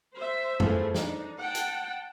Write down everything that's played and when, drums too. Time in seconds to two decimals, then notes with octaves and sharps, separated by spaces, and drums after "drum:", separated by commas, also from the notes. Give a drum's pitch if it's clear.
0.15 C5 E5
0.60 E3 F3 A3 G#4, drum: tom F#2
0.94 D4 D#4, drum: snare
1.39 F#5 G5 A5
1.55 drum: hi-hat